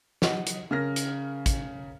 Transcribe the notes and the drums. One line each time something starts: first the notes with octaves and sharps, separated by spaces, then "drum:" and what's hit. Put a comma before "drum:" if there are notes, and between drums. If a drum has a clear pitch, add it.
D#5 F#5, drum: snare
drum: hi-hat
C#3 A#4 F6 A#6
drum: hi-hat
drum: kick, hi-hat